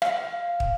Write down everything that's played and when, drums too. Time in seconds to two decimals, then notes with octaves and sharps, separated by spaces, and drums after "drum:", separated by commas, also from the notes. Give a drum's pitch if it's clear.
0.02 F5, drum: rim click
0.60 drum: kick